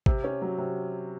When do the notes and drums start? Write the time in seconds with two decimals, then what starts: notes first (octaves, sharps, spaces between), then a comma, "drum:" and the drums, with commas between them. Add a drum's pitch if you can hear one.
0.06 C3, drum: kick
0.24 C#4
0.42 F#3
0.58 C3